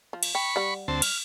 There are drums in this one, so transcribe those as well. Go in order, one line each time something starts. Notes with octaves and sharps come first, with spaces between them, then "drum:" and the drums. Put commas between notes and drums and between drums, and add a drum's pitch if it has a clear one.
F3
drum: cymbal
G5 B5 C#6
G3 F#5
D2 C4 A5
F6, drum: cymbal